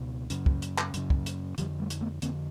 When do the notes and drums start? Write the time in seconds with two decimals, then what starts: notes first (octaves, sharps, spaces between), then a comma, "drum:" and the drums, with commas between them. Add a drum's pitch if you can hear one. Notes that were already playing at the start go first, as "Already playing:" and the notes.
Already playing: C#2 B2
0.30 F#2 C#3, drum: hi-hat
0.46 drum: kick
0.62 drum: hi-hat
0.78 drum: clap
0.94 F#2 C#3, drum: hi-hat
1.10 drum: kick
1.26 drum: hi-hat
1.58 F2 D3 F3 G3, drum: hi-hat
1.80 G3 A3
1.90 drum: hi-hat
2.01 A3 B3
2.22 F2 D3 A#3 C4, drum: hi-hat